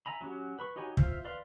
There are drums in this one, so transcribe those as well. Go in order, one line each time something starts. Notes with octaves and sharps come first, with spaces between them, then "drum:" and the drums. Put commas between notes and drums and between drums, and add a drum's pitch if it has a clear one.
E5 G#5 A#5 B5
F#3 C#4 F#4 G4
B4 B5 C#6
D#4 F#4 G4 C#5 G#5
F4 C5 E5 F5, drum: kick
B4 D5 F5 C6